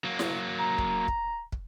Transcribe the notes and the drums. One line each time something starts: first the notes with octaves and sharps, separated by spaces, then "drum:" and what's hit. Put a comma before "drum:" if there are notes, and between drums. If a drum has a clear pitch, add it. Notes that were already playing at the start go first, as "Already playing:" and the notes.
F#3 A#3
drum: snare E4
A#5
drum: kick
drum: kick
drum: kick